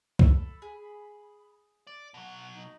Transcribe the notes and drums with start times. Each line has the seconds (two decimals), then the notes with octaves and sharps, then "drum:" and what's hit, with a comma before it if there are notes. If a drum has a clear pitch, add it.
0.19 A4 B5, drum: kick C2
0.62 G#4
1.87 D5
2.14 B2 F#3 F#5
2.54 D#4